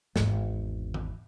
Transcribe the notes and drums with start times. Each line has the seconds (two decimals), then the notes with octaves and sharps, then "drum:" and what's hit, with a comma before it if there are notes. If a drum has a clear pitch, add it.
0.16 G#1 E2, drum: snare
0.94 drum: tom D#3